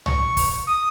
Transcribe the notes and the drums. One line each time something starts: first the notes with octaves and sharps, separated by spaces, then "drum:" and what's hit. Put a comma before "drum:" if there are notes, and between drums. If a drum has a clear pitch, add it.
C#6, drum: tom
drum: kick, open hi-hat
D#6